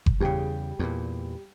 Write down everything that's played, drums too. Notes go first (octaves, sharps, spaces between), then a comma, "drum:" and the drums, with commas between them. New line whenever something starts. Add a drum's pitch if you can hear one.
drum: kick F#1
E2 C#3 G3 G#4 G5
E2 A#2